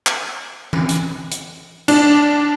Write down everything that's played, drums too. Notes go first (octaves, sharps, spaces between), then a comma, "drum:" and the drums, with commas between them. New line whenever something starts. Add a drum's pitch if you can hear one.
drum: clap
drum: tom E3
drum: hi-hat
drum: hi-hat
D4, drum: cymbal